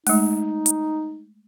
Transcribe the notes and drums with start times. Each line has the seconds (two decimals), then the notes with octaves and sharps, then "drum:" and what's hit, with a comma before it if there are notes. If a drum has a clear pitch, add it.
0.07 G#3 A3 D#4, drum: open hi-hat
0.66 drum: hi-hat